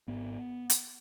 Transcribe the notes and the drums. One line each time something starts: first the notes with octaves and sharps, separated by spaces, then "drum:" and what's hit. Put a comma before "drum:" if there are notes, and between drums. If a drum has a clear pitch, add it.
G#1 G#2 B3
drum: hi-hat